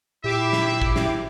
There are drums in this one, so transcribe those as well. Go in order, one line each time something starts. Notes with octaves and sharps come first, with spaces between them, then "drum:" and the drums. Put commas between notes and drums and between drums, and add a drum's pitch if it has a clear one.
A#2 E4 G4 E5 D6 C7
drum: snare
drum: kick
drum: snare